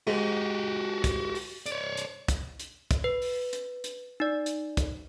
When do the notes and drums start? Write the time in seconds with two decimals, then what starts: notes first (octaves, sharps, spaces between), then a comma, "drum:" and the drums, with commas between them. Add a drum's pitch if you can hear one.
0.07 G#2 F#4 G4
1.04 drum: kick, hi-hat
1.35 drum: open hi-hat
1.66 C#5 D5, drum: hi-hat
1.97 drum: hi-hat
2.28 drum: kick, hi-hat
2.60 drum: hi-hat
2.91 drum: kick, hi-hat
3.04 B4
3.22 drum: open hi-hat
3.53 drum: hi-hat
3.84 drum: hi-hat
4.20 D#4 D5
4.46 drum: hi-hat
4.77 drum: kick, hi-hat